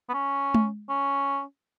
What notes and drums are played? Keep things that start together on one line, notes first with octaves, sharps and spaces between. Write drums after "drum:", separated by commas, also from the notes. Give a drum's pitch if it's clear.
B3
C#4
drum: tom G#3
C#4